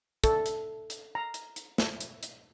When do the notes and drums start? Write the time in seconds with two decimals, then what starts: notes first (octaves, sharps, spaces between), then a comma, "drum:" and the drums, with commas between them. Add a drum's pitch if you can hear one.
0.24 A4, drum: kick, hi-hat
0.46 drum: hi-hat
0.90 drum: hi-hat
1.15 A#5
1.34 drum: hi-hat
1.56 drum: hi-hat
1.78 drum: snare
2.00 drum: hi-hat
2.23 drum: hi-hat